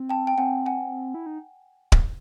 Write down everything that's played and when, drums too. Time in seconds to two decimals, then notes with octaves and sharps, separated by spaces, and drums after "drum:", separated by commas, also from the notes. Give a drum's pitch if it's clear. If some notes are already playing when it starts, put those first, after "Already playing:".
Already playing: C4
0.09 G5 A5
0.27 G5
0.38 C4 F#5 G#5
0.66 F#5 G#5
1.14 E4
1.26 D#4
1.92 drum: kick D1